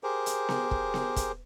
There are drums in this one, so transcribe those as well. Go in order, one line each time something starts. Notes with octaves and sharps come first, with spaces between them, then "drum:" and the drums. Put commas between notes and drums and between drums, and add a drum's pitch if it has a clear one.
G4 G#4 A#4 C5
drum: hi-hat
drum: snare B3
drum: kick
drum: snare B3
drum: kick, hi-hat